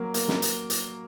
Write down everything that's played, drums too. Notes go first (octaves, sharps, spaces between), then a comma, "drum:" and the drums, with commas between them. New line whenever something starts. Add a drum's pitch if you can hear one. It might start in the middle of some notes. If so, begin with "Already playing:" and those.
Already playing: F#3 A#3
A#3, drum: hi-hat
drum: snare
drum: hi-hat
drum: hi-hat